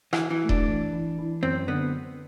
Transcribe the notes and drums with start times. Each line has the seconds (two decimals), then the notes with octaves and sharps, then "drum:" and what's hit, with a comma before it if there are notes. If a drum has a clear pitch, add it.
0.13 E3, drum: rim click
0.18 F#4
0.31 E3
0.43 A3
0.49 D4, drum: kick D#1
0.68 E3
0.93 E3
1.18 E3
1.42 F#2 C4
1.67 D3 B3